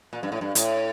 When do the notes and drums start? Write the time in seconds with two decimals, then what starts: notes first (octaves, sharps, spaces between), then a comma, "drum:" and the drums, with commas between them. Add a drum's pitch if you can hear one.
0.13 A#2
0.23 G2
0.32 A2
0.41 G2
0.55 A2, drum: hi-hat